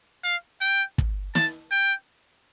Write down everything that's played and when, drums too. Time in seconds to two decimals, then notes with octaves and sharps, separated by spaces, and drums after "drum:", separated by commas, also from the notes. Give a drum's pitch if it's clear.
0.24 F5
0.61 G5
0.98 drum: kick
1.35 A5, drum: snare
1.71 G5